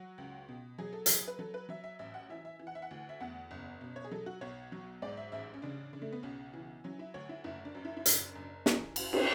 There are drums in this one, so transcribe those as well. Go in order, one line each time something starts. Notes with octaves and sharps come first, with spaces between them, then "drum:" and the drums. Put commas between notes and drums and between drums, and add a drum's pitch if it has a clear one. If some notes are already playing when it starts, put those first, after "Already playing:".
Already playing: F#3 F#4
C#2
B2
F#3 G#4
A4
F#3 G#4, drum: hi-hat
B4
F#3 A4
B4
F#3 E5
E5
A1 E5
F#5
E3 E5
E5
E3
F#5
E5
F#5
D2
E5
E2 F#5
F#1
B2
C#5
G#4
F#3 A4
F#4
B1 C#5
F#3
G#2 D5
E5
A1 E5
C#4
C#3 D4
C#3
A3
B3
B1 C#4
E3
F#3 C#4
E4
D2 C#5
E4
F#1 E4
D4
F#2
E4
E4
F#1 D4, drum: hi-hat
F#1
E3 C#4, drum: snare
F#2, drum: cymbal
drum: cymbal